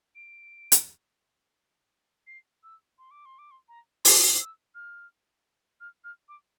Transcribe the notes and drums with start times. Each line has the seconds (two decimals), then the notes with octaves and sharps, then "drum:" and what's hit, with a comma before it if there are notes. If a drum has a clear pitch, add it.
0.15 D7
0.72 drum: hi-hat
2.27 C7
2.63 E6
2.98 C6
3.11 D6
3.25 C6
3.38 D6
3.51 C6
3.68 A#5
4.05 C6, drum: open hi-hat
4.40 E6
4.75 F6
5.80 F6
6.04 F6
6.28 D6